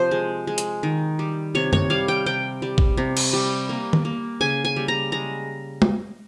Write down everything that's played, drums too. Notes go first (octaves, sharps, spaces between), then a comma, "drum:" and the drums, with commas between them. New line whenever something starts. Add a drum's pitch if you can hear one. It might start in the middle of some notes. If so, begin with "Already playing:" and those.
Already playing: C3 F3 C5
G#3
G#3
drum: hi-hat
D#3
G3
C3 C#5
C#5, drum: tom
G3 F5
G5
C3 G5
G3
drum: kick
C3
drum: cymbal
G3
A#3
drum: tom D#3
A#3
C#3 G#5
G#5
G3
A#5
G#3 A#5
drum: tom